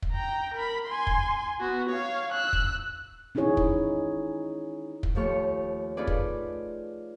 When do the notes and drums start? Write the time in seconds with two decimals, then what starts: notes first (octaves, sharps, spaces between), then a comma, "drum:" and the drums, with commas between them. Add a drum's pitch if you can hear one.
0.02 drum: kick
0.12 G5 A#5
0.54 A#4 B5
0.86 G#5 C6
1.07 drum: kick
1.60 B3 F#4
1.90 C#5 F5
2.33 E6 F#6
2.53 drum: kick
3.35 C#4 D#4 E4 G#4 C#5
3.57 drum: kick
5.03 drum: kick
5.15 D#2 F3 A3 C#5 C#6
5.97 A3 D#4 F4 G#4 B4 D5
6.07 drum: kick